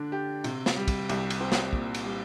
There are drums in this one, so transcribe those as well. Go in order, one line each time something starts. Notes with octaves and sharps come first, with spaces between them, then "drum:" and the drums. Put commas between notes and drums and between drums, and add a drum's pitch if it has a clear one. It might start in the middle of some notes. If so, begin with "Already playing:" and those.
Already playing: D3 D4
G4
C3, drum: cymbal
drum: snare
G3
drum: kick, cymbal
C2, drum: cymbal
drum: cymbal
C4
drum: snare
A#2, drum: kick
drum: cymbal
G3